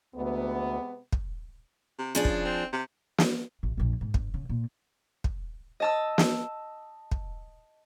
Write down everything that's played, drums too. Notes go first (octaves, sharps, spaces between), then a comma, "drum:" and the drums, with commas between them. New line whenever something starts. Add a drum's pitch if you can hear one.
D2 C3 G#3 B3
drum: kick
C3
C#3 F3 D4 G#4
drum: kick
C4
C3
drum: snare
A1
A#1 F2
G#2
G2, drum: kick
C#3
A#2
drum: kick
D#5 A5 E6
drum: snare
drum: kick